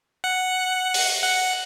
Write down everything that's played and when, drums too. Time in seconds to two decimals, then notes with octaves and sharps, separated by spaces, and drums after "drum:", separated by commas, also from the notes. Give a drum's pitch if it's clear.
0.24 F#5
0.94 drum: open hi-hat
1.23 F#5